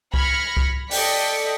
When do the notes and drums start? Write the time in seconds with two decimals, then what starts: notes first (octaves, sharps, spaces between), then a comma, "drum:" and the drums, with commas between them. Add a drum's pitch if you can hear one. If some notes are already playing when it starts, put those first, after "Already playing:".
0.14 B5 F6 G#6 A#6 C#7, drum: kick C2
0.57 drum: kick C2
0.91 A4 D5 D#5 G5 B6 C#7, drum: open hi-hat